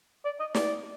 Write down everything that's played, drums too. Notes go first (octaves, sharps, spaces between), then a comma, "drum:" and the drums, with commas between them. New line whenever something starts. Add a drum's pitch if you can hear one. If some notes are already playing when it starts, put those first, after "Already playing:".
D5
D#5
D5, drum: snare